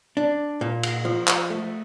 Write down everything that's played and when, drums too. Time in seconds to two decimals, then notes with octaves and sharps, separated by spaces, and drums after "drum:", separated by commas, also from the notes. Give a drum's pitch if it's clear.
0.17 D4
0.61 A#2
0.83 drum: cymbal
1.05 F3
1.28 drum: clap
1.50 A3